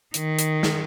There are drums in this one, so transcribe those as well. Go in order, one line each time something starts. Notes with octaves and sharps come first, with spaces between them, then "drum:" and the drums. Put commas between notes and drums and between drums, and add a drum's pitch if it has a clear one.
D#3, drum: hi-hat
drum: hi-hat
drum: snare